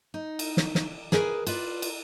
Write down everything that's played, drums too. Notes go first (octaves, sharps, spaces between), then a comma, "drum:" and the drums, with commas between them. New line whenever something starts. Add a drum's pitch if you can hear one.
D#4
drum: cymbal
drum: snare
drum: snare
G#4 A#4 B4 G#5, drum: snare
F4 B4 D5, drum: cymbal
drum: cymbal